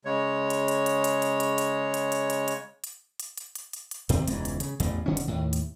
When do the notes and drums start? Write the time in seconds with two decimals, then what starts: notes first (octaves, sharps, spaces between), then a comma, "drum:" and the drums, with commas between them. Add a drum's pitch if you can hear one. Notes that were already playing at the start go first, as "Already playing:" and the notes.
0.05 C#3 G#3 C#5
0.50 drum: hi-hat
0.68 drum: hi-hat
0.86 drum: hi-hat
1.04 drum: hi-hat
1.22 drum: hi-hat
1.40 drum: hi-hat
1.58 drum: hi-hat
1.94 drum: hi-hat
2.12 drum: hi-hat
2.30 drum: hi-hat
2.48 drum: hi-hat
2.84 drum: hi-hat
3.20 drum: hi-hat
3.38 drum: hi-hat
3.55 drum: hi-hat
3.73 drum: hi-hat
3.91 drum: hi-hat
4.09 E2 C3 D#3 C4, drum: hi-hat
4.28 E1 C#2 G#2 E3, drum: hi-hat
4.45 drum: hi-hat
4.60 C#3, drum: hi-hat
4.80 A1 E2 A2, drum: hi-hat
5.06 E1 D3 C#4
5.17 drum: hi-hat
5.28 D#2 A2
5.53 drum: hi-hat